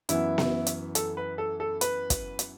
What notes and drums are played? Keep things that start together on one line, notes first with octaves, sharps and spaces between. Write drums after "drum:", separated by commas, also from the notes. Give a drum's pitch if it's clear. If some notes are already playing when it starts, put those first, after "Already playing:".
F#2 E3 B3 E4, drum: hi-hat
drum: snare B3
drum: hi-hat
A4, drum: hi-hat
B4
A4
A4
B4, drum: hi-hat
drum: kick, hi-hat
drum: hi-hat